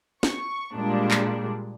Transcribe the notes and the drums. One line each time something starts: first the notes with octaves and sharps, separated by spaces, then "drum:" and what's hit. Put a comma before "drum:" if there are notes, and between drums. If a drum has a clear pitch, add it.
C#6, drum: snare
A#2 G3 G#3 D4
drum: clap